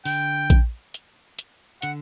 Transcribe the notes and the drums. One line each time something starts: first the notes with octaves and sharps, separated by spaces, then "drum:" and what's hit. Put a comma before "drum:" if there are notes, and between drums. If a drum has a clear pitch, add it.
D3 G5, drum: open hi-hat
drum: kick A#1, hi-hat
drum: hi-hat
drum: hi-hat
D3 F#5, drum: hi-hat